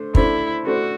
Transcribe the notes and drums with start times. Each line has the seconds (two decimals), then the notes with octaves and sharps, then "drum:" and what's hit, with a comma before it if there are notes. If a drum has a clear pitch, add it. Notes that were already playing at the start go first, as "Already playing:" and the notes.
Already playing: A3 D4 C5
0.15 A3 D4 E4 A4 C5, drum: kick
0.66 A3 D4 F#4 A4 C5